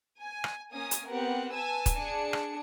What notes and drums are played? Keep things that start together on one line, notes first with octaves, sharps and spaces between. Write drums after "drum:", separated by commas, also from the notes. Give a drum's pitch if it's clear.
G#5
drum: rim click
A#3 C#4 G#5 D#6
drum: hi-hat
B3 C4 G4 A#4 F#5
B4 G#5 A5 E6
drum: kick, hi-hat
D4 G#4 C#7
drum: rim click